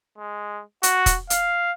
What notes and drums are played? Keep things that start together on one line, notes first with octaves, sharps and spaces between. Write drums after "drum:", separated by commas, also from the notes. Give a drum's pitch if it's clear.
G#3
F#4, drum: hi-hat
drum: kick, hi-hat
F5, drum: hi-hat